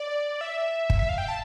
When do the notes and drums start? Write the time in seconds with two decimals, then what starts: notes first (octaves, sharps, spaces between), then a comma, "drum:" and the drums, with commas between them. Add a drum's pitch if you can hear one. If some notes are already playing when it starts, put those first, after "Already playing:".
Already playing: D5
0.41 E5
0.90 drum: kick
0.99 E5
1.09 F5
1.18 G5
1.28 A5